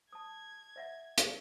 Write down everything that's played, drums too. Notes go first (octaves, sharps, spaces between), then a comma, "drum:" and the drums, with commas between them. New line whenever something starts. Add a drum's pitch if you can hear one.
A5 D#6 G#6
D#5 E5 F#5
drum: hi-hat